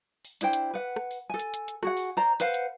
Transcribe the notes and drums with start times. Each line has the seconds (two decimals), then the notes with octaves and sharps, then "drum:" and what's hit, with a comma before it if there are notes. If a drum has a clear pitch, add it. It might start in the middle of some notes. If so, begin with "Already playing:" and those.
0.25 drum: open hi-hat
0.41 D4 E4 C5 G5, drum: hi-hat
0.53 drum: hi-hat
0.74 B4 F#5
0.96 drum: rim click
1.11 drum: open hi-hat
1.30 A4 G#5
1.39 drum: hi-hat
1.54 drum: hi-hat
1.68 drum: hi-hat
1.83 F#4 G#4 F#5, drum: rim click
1.97 drum: open hi-hat
2.17 C5 D5 A#5
2.40 B4 C5 F5 F#5, drum: hi-hat
2.54 drum: hi-hat